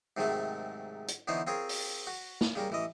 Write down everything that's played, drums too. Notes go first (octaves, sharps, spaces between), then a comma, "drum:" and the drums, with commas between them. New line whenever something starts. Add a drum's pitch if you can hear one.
G#2 C3 D#3 F#3 G#3 A3
drum: hi-hat
D3 E3 B3 D#4 C5 C#5
C4 F4 G#4 A#4 C#5
drum: open hi-hat
F#4
drum: snare
C#3 G3 C#4 A#4
A1 E3 D#5